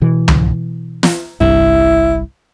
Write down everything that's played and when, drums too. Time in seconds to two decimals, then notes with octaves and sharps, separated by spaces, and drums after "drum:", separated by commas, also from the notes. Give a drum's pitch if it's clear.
0.02 B2 E3
0.28 drum: tom
1.03 drum: snare
1.41 G1 C2 G2 E4